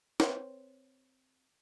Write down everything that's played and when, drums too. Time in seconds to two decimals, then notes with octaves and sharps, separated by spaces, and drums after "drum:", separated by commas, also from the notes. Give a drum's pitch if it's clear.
0.20 C4 B4 C#5, drum: snare